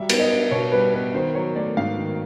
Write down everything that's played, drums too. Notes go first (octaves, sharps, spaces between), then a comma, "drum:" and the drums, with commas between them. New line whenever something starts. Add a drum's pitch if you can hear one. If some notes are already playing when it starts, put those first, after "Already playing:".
Already playing: F#3 G3 E5
B3, drum: cymbal
D#5
D4
B2 C#5
G3 B4
B3 B4
D#3 C5
F#3 C#5
A3 D5
G#2 F5
D#3